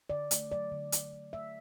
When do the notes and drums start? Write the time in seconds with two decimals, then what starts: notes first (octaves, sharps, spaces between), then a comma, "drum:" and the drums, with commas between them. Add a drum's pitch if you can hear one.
0.10 D3 D5
0.31 A3, drum: hi-hat
0.52 F#3 D5
0.72 D3
0.92 D3, drum: hi-hat
1.13 D3
1.33 A3 E5